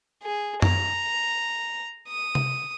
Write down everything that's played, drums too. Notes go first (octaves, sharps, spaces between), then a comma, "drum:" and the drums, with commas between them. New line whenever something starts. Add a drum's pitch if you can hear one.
G#4
A#5, drum: tom F#2
D#6
drum: tom C3